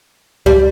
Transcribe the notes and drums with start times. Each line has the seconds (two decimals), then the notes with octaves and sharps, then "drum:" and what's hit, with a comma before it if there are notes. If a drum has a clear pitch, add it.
0.46 G3, drum: kick C#2